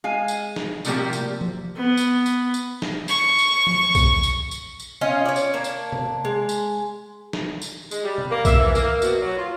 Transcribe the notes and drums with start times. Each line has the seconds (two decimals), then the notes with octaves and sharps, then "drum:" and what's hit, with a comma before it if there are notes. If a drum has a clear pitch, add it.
0.04 G#3 F5 G#5
0.28 drum: tambourine
0.56 drum: snare
0.85 A2 C3 F3 G3 A#3 G4, drum: tambourine
1.13 drum: tambourine
1.41 drum: tom F3
1.76 B3
1.97 drum: tambourine
2.26 drum: tambourine
2.54 drum: tambourine
2.82 drum: snare
3.08 C#6, drum: tambourine
3.38 drum: tambourine
3.67 drum: tom F3
3.95 drum: kick, tambourine
4.23 drum: tambourine
4.51 drum: tambourine
4.80 drum: tambourine
5.01 C#4 F4 D#5
5.25 C#5 D5
5.36 drum: tambourine
5.54 A#3 D4
5.64 drum: tambourine
5.92 drum: tom C3
6.25 G#3
6.49 drum: tambourine
7.33 drum: snare
7.62 drum: tambourine
7.91 G#3, drum: tambourine
8.04 G3
8.18 drum: tom C3
8.30 A#3
8.45 E5, drum: kick, tambourine
8.59 E3
8.75 A#3, drum: tambourine
9.02 B2, drum: tambourine
9.21 F#3
9.38 F4